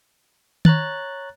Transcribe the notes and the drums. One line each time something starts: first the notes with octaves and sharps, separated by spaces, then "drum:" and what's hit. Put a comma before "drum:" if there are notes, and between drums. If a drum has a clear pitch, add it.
C#5 A#5 F#6 A6, drum: tom D#3